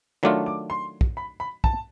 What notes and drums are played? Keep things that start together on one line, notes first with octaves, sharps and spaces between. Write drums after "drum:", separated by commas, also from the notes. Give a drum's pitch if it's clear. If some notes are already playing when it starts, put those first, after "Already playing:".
D#3 F#3 A3 D4 F4 D6
D6
C6
drum: kick
B5
B5
A5, drum: kick